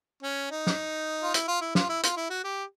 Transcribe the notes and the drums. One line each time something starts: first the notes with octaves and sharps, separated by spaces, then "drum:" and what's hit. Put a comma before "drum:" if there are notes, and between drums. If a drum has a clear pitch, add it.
C#4
D#4
drum: snare
F4
E4, drum: hi-hat
F4
E4
F4, drum: snare
E4
F4, drum: hi-hat
E4
F#4
G4